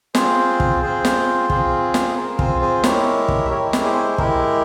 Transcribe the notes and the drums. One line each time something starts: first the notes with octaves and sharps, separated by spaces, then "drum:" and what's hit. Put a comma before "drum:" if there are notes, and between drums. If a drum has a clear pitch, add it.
C4 F4 G#4 C5, drum: snare
drum: kick
C4 F4 G#4 C5
drum: snare
C4 F4 G#4, drum: kick
drum: snare
C4 F4 G#4 A#4
G#4 C5, drum: kick
G#4 C5
G#3 E4 G4 A#4 C#5, drum: snare
drum: kick
E5
G#3 E4 G4 A#4 C#5
drum: snare
G#4 C5
G#4
G#3 E4 G4 A#4, drum: kick